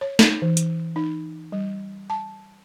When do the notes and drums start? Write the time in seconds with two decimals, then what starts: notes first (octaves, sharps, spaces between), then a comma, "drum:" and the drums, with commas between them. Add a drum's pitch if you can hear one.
0.01 C#5
0.19 D#4, drum: snare
0.42 E3
0.57 drum: hi-hat
0.96 D#4
1.52 G3
2.10 A5